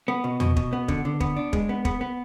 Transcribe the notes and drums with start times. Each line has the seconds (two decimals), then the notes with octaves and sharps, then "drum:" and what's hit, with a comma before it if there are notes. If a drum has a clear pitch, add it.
0.08 B3
0.24 B2
0.40 B2, drum: tom E2
0.56 B2, drum: kick
0.73 B3
0.88 D3, drum: kick
1.05 D3
1.20 B3, drum: kick
1.37 D4
1.53 G#3, drum: kick
1.69 B3
1.85 B3, drum: kick
2.01 B3